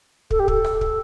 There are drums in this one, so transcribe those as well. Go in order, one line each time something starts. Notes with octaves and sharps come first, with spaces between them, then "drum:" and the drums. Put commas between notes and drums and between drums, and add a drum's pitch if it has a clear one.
A4, drum: kick
G4
A4, drum: kick
drum: rim click
drum: kick